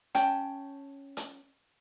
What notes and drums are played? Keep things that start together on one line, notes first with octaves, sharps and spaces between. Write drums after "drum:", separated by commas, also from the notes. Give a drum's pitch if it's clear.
C#4 G5 A5, drum: hi-hat
drum: hi-hat